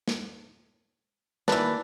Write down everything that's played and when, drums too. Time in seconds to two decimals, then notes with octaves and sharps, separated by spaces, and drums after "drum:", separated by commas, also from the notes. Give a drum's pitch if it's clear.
0.08 drum: snare
1.48 D#3 E3 A#3 D4 F#4 B4, drum: snare